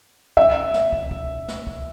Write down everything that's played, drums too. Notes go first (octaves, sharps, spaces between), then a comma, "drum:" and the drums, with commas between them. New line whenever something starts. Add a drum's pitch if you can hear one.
E5, drum: kick
drum: snare
drum: kick
drum: kick
drum: snare
drum: kick